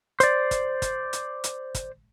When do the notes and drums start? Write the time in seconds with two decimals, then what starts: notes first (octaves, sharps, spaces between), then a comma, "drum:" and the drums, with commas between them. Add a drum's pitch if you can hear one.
0.20 C5 D5, drum: hi-hat
0.51 drum: kick, hi-hat
0.82 drum: kick, hi-hat
1.13 drum: hi-hat
1.44 drum: hi-hat
1.75 drum: kick, hi-hat